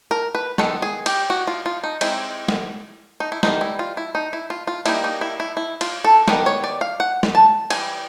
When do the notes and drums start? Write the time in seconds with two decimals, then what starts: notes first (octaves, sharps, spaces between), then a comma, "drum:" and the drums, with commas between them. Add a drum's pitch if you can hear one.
0.11 A#4
0.35 B4
0.58 D#3 G#3 B3 A4, drum: snare
0.82 G#4
1.06 G4, drum: cymbal
1.30 F#4
1.47 F4
1.66 F4
1.83 D#4
2.01 G#3 C4 D#4 E4, drum: cymbal
2.48 drum: snare
3.20 D#4
3.32 E4
3.43 E3 G3 C4 D#4 F4, drum: snare
3.61 E4
3.79 F4
3.97 E4
4.15 D#4
4.33 E4
4.50 F4
4.67 F4
4.86 G3 A#3 D#4 E4, drum: cymbal
5.04 D#4
5.21 E4
5.40 E4
5.57 E4
5.81 F4, drum: cymbal
6.04 A4
6.28 D#3 G3 B3 A#4, drum: snare
6.46 C#5
6.64 D5
6.81 F5
7.00 F#5
7.23 drum: snare
7.35 A5
7.70 E3 G3 G#5, drum: cymbal